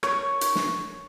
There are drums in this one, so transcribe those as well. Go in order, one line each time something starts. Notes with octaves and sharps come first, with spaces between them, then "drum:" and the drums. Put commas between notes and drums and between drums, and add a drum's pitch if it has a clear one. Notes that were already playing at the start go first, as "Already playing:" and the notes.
C#5, drum: rim click
drum: hi-hat
drum: snare